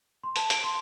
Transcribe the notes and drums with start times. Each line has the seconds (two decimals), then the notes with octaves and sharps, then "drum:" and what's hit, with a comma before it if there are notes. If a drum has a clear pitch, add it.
0.23 C6
0.36 A5, drum: hi-hat
0.50 D7, drum: hi-hat
0.64 C6